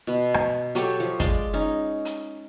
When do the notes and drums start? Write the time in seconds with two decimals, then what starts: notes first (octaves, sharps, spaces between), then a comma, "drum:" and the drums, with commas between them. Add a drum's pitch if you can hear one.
0.07 B2 B4
0.34 drum: rim click
0.75 F#3 G4 A4 C#5, drum: hi-hat
1.00 F3
1.20 G#3 D5 C6, drum: kick, hi-hat
1.53 C#4 D#4
2.05 drum: hi-hat